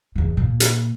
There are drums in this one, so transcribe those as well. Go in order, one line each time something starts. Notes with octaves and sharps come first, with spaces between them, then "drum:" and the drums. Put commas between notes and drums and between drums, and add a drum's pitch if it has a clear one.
E2 E3
A#2
drum: hi-hat